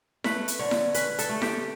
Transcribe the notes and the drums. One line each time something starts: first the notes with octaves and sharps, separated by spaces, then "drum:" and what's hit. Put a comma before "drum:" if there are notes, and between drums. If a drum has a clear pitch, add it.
A3 B4, drum: snare E4
drum: hi-hat
D3 C#5
drum: snare E4
C#4 B4, drum: hi-hat
A4, drum: hi-hat
A3
G4, drum: snare E4